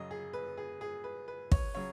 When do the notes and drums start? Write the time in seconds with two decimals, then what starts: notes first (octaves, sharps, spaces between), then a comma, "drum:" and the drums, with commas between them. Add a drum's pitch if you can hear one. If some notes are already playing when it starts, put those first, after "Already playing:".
Already playing: F#2 C#3 F#3 D#5
0.11 G#4
0.33 B4
0.58 G#4
0.81 G#4
1.04 B4
1.28 B4
1.52 C#5, drum: kick
1.75 C#3 F#3 C#5